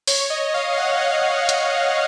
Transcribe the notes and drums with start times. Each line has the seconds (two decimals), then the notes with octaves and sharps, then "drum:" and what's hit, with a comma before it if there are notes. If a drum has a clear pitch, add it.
0.08 C#5, drum: open hi-hat
0.30 D#5
0.54 F5
0.77 F#5
1.01 F5
1.49 drum: hi-hat